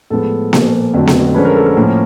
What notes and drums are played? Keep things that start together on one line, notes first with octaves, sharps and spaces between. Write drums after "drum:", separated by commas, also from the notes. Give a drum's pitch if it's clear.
A2 F3 G#3 B3 A4
A#2 F3 A#3, drum: snare B3
F2 D3 F#3 A3
drum: snare B3
D3 F3 G#3 C#4 B4
A#4
A4
A#4
A2 F3 A#3 C#4